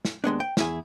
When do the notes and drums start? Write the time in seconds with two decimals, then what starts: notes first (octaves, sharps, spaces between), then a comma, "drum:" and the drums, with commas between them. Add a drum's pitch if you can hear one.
0.05 drum: snare
0.24 D#2 G#3 B3 D4
0.40 G5
0.57 E2 E4 G#4, drum: snare